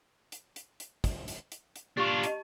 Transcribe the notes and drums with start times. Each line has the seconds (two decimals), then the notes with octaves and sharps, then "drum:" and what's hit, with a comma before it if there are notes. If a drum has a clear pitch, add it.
0.32 drum: hi-hat
0.56 drum: hi-hat
0.80 drum: hi-hat
1.04 drum: kick, hi-hat
1.28 drum: hi-hat
1.52 drum: hi-hat
1.76 drum: hi-hat
1.97 D4 F4 G4 C#6
2.23 D#5 A5, drum: hi-hat